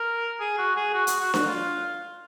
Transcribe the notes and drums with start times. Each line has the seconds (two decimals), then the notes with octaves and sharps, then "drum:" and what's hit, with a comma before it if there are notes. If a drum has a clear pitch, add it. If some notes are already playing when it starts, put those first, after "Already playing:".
Already playing: A#4
0.40 G#4
0.58 F#4
0.76 G#4
0.94 F#4
1.07 F#4, drum: hi-hat
1.20 F#4
1.34 F#4, drum: snare D4
1.47 F4